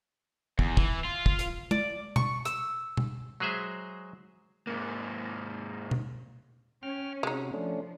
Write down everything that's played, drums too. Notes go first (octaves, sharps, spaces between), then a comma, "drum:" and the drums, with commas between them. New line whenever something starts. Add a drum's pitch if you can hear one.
E2, drum: kick
E3, drum: kick
F4
drum: kick
drum: hi-hat
D5, drum: tom
C#6, drum: tom B2
E6, drum: hi-hat
drum: tom B2
F#3 G#3 G#4 C5 E5
G#2 A#3
drum: tom B2
C#4 G5 F6
C3 G#3 D#4 F#4
F3 A3 C#4 D4